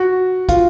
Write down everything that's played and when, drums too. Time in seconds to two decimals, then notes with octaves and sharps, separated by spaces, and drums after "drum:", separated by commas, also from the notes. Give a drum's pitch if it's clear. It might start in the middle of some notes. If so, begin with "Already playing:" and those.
Already playing: F#4
0.49 F4, drum: kick, hi-hat